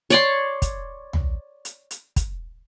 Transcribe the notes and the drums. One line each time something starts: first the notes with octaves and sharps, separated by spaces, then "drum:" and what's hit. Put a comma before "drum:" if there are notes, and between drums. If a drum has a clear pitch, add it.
C#5 D5 C6, drum: hi-hat
drum: kick, hi-hat
drum: tom
drum: hi-hat
drum: hi-hat
drum: kick, hi-hat